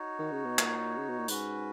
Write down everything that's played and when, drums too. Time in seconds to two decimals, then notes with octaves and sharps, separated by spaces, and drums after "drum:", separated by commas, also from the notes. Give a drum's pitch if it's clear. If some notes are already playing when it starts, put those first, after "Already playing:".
Already playing: D#4 F#4 C#5
0.19 D#3
0.32 C#3
0.45 B2
0.59 A#2, drum: clap
0.98 C#3
1.09 B2
1.19 A#2
1.28 G#2 C#4 F#4 B4, drum: tambourine